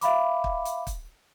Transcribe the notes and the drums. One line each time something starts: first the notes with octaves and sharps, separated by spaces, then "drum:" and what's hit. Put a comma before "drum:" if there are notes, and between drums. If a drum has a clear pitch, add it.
E5 F5 B5 D6, drum: hi-hat
drum: kick
drum: hi-hat
drum: kick, hi-hat